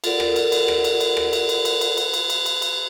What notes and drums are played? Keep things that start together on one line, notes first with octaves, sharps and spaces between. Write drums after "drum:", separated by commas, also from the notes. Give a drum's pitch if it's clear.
F4 A4 A#4 D5 F#5, drum: cymbal
drum: rim click
drum: cymbal
drum: cymbal
drum: rim click
drum: cymbal
drum: cymbal
drum: rim click
drum: cymbal
drum: cymbal
drum: cymbal
drum: cymbal
drum: cymbal
drum: cymbal
drum: cymbal
drum: cymbal
drum: cymbal